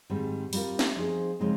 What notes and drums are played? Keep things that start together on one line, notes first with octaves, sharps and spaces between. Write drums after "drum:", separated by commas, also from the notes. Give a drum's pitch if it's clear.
G#2 D#3 G3 C4
G3 C4 F4 A#4, drum: open hi-hat
drum: snare
F3 C4 D#4 G#4 C5
C#3 F3 G#3 C4 D#4